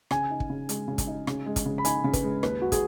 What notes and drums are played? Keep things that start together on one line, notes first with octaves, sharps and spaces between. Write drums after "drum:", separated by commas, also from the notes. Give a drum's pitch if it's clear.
C#3 G#5, drum: rim click
D#4
drum: kick
C#3
G#3, drum: hi-hat
C#3
drum: kick, hi-hat
D#4
C#3, drum: rim click
G#3
drum: kick, hi-hat
C#3
B5
D#4 G#5, drum: hi-hat
C#3
B4, drum: kick, hi-hat
G#3
D#2 B4, drum: rim click
F#3 F#4
G#4, drum: kick, hi-hat